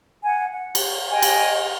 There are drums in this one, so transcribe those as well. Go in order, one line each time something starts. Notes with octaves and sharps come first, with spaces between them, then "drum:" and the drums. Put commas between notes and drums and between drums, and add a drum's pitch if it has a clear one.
F#5 G#5
F#5
drum: cymbal
D#5 G5 G#5
drum: cymbal